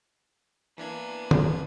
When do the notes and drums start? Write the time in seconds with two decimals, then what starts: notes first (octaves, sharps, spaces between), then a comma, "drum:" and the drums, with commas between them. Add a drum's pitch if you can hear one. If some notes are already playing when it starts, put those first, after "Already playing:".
0.78 E3 A#3 B3 D4 G#6
1.31 drum: tom